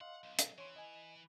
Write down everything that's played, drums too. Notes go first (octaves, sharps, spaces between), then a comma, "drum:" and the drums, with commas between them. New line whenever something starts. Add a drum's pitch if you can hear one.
D#5 F5 F#5 C6
B1
drum: hi-hat
E3 C#5 C6
D#5 G#5